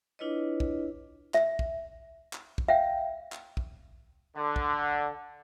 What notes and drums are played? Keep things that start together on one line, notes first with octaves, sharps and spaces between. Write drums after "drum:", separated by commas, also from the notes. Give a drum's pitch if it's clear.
D4 E4 F4 B4 C#5 D#5
drum: kick
E5, drum: clap
drum: kick
drum: clap
drum: kick
E5 F5 G5
drum: clap
drum: kick
D3
drum: kick